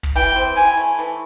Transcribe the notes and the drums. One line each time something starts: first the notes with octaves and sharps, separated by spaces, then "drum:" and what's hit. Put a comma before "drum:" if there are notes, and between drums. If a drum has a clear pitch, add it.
drum: kick
E3 G5
C4
E4 G#5
A3, drum: open hi-hat
E3